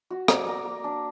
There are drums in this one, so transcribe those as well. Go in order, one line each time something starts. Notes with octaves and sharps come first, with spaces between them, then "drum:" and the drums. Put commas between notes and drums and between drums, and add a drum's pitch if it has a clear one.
F#4
D5, drum: rim click
A#4
A#3
D4